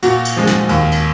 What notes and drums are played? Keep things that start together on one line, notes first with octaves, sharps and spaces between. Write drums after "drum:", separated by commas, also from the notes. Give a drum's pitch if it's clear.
A#2 F#4, drum: cymbal
drum: cymbal
F3 G#3
drum: snare
D#2, drum: cymbal
drum: cymbal